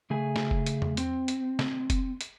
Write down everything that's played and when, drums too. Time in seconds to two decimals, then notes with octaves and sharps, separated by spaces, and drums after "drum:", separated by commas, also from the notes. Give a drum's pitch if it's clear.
0.10 C#3 A3 G#4 G#5
0.36 drum: snare
0.51 drum: kick F1
0.66 drum: hi-hat
0.82 drum: tom E2
0.97 C4, drum: hi-hat
1.28 drum: hi-hat
1.59 drum: snare
1.90 drum: kick F1, hi-hat
2.21 drum: hi-hat